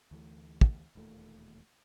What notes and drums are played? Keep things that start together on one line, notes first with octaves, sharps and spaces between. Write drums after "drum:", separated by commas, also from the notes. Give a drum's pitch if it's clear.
D2 E3 A3
drum: kick
E1 D#2 A#2 A3